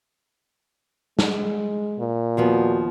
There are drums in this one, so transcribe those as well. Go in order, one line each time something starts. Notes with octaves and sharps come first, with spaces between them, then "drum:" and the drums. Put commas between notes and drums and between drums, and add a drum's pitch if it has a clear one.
G#3, drum: snare
A#2
D#2 F3 B3 F#4